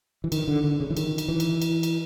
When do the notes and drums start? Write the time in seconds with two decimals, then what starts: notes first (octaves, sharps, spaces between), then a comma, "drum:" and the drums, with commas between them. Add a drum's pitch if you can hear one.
0.24 E3
0.32 D#3, drum: cymbal
0.48 D3
0.64 D3
0.80 C#3
0.90 E3
0.97 D#3, drum: cymbal
1.18 drum: cymbal
1.28 E3
1.40 drum: cymbal
1.62 drum: cymbal
1.83 drum: cymbal